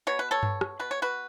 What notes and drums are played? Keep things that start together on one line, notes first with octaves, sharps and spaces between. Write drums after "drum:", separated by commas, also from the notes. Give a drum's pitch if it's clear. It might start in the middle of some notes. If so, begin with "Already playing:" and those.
B2 C#5
B4
A4 C#5
B2, drum: tom G2
drum: rim click
B2 B4
C#5
F#4 B4